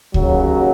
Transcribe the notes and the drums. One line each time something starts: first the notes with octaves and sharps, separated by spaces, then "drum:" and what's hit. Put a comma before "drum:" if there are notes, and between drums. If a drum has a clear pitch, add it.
D#2 C#3 F#3, drum: kick C#2